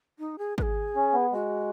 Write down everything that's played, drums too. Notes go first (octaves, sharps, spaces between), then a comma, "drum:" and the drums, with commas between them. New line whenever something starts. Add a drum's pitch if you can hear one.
D#4
G#4
B4, drum: kick G#1
G#4
C#4
B3
G#3 F#4